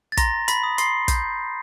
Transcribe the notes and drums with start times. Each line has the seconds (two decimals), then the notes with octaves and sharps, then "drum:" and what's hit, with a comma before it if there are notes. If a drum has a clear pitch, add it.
0.12 A6
0.17 A#5 C6 A#6, drum: kick, hi-hat
0.48 B5 B6, drum: hi-hat
0.63 D#6
0.78 C6 C7, drum: hi-hat
1.08 G6, drum: kick, hi-hat